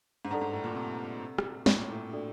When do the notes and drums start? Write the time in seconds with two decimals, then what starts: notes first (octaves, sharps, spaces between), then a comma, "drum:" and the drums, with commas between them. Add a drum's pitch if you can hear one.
0.25 G#2
0.30 G2 A4 D5 F#5 A#5
0.41 G#2
0.53 A2
0.64 A#2
0.75 C3
1.38 drum: rim click
1.66 A2, drum: snare
1.78 A#2
1.92 A2
2.11 D4 F#4 A4 D5